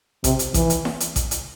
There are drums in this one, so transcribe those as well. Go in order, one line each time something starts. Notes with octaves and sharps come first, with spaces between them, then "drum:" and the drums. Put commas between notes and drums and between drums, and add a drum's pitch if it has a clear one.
C3, drum: kick A1, hi-hat
drum: hi-hat
E3, drum: kick A1, hi-hat
drum: hi-hat
drum: snare E4
drum: hi-hat
drum: kick A1, hi-hat
drum: hi-hat